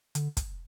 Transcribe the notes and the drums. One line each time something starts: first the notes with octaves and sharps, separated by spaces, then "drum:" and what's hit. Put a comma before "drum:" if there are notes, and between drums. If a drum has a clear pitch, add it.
D3, drum: hi-hat
drum: kick, hi-hat